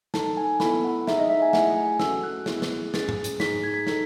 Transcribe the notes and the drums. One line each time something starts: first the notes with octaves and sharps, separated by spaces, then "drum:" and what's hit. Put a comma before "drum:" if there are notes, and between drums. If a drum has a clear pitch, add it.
D#4 A4 A5, drum: snare
G#5
B3 E4 A4 B5, drum: snare
F#5
D#4 G#4 E5, drum: snare
D#5
E5
G#5
A3 E4 G#4 F#5, drum: snare
G#5
C#4 F#4 A4 E6, drum: snare
F#6
B3 E4 G#4, drum: snare
drum: snare
C#4 G#4 A6, drum: snare
drum: tom G#2
drum: hi-hat
D#4 G#4 B6, drum: snare
G#6
B6
D#4 A4, drum: snare